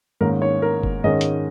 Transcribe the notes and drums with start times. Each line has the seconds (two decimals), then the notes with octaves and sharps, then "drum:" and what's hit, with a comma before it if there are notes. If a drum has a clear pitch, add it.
0.21 G#2 D#3 A#3 C#4 A#4
0.42 C#5
0.62 A#4
0.83 drum: kick F#1
1.04 G#2 D#3 G#3 C#4 D#5
1.21 drum: hi-hat